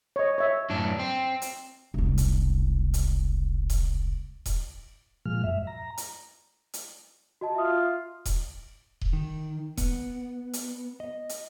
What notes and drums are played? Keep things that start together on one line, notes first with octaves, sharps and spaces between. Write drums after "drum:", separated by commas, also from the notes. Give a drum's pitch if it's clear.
C#5 D#5
C#5 E5
F#2 A2 D4
C4
drum: hi-hat
E1 C2
drum: hi-hat
drum: hi-hat
drum: kick D#1, hi-hat
drum: kick D#1, hi-hat
A#2 F3 G#3 F6
F#2 E5
A#5
drum: hi-hat
drum: hi-hat
F#4 D#5 A5
F4 E5 D#6
drum: kick D#1, hi-hat
drum: kick D#1
D#3
B3, drum: kick D#1, hi-hat
drum: hi-hat
D#5
drum: hi-hat